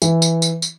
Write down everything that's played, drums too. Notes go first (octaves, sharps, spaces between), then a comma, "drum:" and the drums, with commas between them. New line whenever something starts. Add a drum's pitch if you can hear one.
E3, drum: tambourine
drum: tambourine
drum: tambourine
drum: tambourine